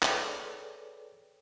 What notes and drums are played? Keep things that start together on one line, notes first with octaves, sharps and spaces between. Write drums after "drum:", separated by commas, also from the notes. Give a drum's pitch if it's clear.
G#4 A4 B4 C#5 D5 G5, drum: clap